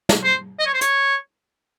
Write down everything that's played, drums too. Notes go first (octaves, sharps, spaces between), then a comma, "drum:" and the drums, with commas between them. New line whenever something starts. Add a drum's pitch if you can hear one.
drum: snare
C5
D#5
C#5
C5
C#5, drum: hi-hat